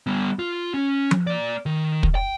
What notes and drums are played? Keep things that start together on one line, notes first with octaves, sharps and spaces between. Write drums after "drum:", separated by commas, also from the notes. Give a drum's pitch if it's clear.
G3 B3
F4
C#4
drum: tom F3
A#3 D5
D#3
drum: kick
G5